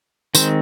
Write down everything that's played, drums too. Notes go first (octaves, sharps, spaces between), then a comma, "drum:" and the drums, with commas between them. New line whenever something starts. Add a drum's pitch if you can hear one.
D#3 G#3 C4 C5, drum: tambourine